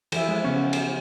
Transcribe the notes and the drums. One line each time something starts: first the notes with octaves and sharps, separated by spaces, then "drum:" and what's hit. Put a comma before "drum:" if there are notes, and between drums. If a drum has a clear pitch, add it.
E3 F3 E5, drum: cymbal
F3 G#3
C#3 B3 C#4
drum: cymbal